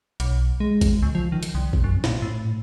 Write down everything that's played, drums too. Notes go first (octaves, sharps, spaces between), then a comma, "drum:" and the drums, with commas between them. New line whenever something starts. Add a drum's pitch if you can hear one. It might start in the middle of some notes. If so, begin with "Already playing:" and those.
B1, drum: hi-hat
G#3
drum: kick A1, hi-hat
C#2
F3
D#3
drum: hi-hat
C2
drum: kick A1
F#2
A#2, drum: snare
A2